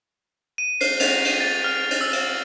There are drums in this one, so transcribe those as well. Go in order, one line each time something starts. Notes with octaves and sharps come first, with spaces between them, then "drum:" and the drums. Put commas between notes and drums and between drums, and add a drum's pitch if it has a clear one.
D#7
C7, drum: cymbal
F7, drum: cymbal
drum: cymbal
A6
F6
drum: cymbal
E6
drum: cymbal